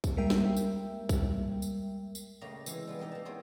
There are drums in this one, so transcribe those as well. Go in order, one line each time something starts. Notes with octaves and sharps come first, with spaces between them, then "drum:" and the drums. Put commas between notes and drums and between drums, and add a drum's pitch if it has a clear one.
drum: kick B1, tambourine
G3 G#3 A#3 A#4 E5 G5
drum: snare
drum: tambourine
drum: kick B1, tambourine
drum: tambourine
drum: tambourine
C#3 A3 A#3 G4 D#5 A#5
C3 E3 G#3 C5, drum: tambourine
G3 G#3 B3
D#4 G4 A4 A#4
A#3 A5
B3 C4 E4 G#4 C5 C#5